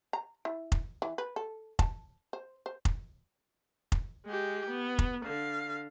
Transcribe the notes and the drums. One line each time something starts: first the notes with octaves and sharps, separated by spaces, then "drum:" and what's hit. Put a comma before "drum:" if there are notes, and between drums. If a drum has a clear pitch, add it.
A#5
E4
drum: kick F1
E3
B4
A4
A5, drum: kick F1
C5
C5
drum: kick F1
drum: kick F1
G#3 G4
B3
drum: kick F1
D3 F5